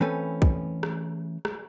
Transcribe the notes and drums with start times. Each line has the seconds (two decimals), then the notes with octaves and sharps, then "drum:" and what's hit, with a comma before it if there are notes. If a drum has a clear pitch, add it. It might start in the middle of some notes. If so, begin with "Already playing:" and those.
0.01 E3 A3 C4 C#4 A4 B4
0.42 drum: kick
0.83 drum: rim click
1.45 drum: rim click